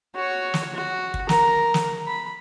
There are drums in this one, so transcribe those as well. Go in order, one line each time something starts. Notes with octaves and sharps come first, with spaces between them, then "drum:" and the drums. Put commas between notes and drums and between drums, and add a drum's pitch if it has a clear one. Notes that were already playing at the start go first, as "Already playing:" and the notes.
F#4 C#5
drum: snare
F#4
drum: kick
A#4 A#5, drum: snare
drum: snare
B5